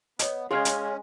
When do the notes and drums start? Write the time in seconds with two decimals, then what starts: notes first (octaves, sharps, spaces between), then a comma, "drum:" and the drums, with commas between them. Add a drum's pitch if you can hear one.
0.19 B3 C#5 D#5, drum: hi-hat
0.51 G#3 C#4 G#4 C#5 F5 C6 F6 G#6
0.65 drum: hi-hat